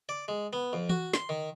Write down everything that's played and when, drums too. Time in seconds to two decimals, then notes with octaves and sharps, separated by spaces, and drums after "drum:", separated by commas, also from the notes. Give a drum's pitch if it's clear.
0.09 D5
0.28 G#3
0.53 B3
0.73 F2
0.89 F#4, drum: tom E3
1.14 C6, drum: snare
1.29 D#3